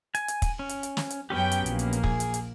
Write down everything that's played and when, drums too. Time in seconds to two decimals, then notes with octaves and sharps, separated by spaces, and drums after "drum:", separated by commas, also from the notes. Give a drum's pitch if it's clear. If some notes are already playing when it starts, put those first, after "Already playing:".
0.15 G#5, drum: hi-hat
0.28 drum: hi-hat
0.42 drum: kick, hi-hat
0.59 C#4
0.69 drum: hi-hat
0.83 drum: hi-hat
0.97 drum: snare
1.10 drum: hi-hat
1.30 F#2 F#3 B3 C#4 G4 G5
1.52 drum: hi-hat
1.66 A#1 A#3, drum: hi-hat
1.79 drum: hi-hat
1.93 drum: hi-hat
2.04 G#4, drum: kick
2.20 drum: hi-hat
2.34 drum: hi-hat